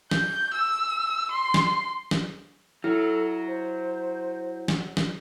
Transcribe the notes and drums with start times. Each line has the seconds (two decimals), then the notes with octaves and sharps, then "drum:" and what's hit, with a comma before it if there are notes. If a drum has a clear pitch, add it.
0.11 G6, drum: snare
0.54 E6
1.31 C6
1.54 drum: snare
2.11 drum: snare
2.84 F#3 E4 A4
3.47 C5
4.68 drum: snare
4.97 drum: snare